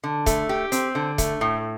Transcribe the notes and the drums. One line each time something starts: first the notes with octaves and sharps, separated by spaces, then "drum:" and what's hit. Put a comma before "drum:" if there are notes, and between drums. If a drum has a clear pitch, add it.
D3
A3, drum: kick C#1, hi-hat
G4
C4, drum: hi-hat
D3
A3, drum: kick C#1, hi-hat
A2